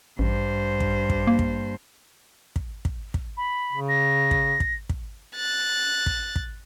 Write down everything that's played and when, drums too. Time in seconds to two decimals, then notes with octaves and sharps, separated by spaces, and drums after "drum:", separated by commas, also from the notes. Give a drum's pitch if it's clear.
0.19 A1 G2 C5
0.80 drum: kick
1.10 drum: kick
1.27 A#3
1.39 drum: kick
2.56 drum: kick
2.85 drum: kick
3.14 drum: kick
3.37 B5
3.73 C#3
3.89 A#6
4.31 drum: kick
4.60 drum: kick
4.90 drum: kick
5.36 F#6 A6
6.06 drum: kick
6.36 drum: kick